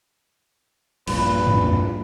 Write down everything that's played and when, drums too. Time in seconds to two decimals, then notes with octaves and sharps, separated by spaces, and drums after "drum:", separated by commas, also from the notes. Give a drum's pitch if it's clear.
1.07 A#1 G2 A#2 B4, drum: cymbal
1.47 drum: tom